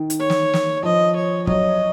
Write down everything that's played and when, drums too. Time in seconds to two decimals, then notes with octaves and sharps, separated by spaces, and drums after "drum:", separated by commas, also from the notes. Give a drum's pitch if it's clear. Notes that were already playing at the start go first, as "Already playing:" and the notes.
Already playing: D#3
0.10 drum: hi-hat
0.19 C#5
0.30 drum: snare
0.54 drum: snare
0.83 F3 D#5
1.16 C#5
1.47 F#3 D#5, drum: kick